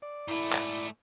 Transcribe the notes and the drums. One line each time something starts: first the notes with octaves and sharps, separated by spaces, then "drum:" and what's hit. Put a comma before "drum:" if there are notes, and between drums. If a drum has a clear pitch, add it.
D5
G#2 A3 E4
drum: clap